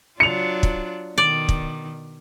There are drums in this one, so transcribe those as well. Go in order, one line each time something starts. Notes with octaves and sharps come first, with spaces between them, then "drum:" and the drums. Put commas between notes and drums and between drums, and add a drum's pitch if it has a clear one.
F#3 D4 F4 C#7 F7
drum: kick
B2 D#3 D5
drum: kick